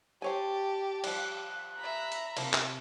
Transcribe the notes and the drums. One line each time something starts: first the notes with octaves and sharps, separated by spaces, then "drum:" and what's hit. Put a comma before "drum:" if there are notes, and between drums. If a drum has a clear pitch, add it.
G4 C5 C#5 G#5 A5
F3 G3 F#6, drum: cymbal
E5 A#5 B5
drum: hi-hat
C3 F3 A#3, drum: cymbal
drum: clap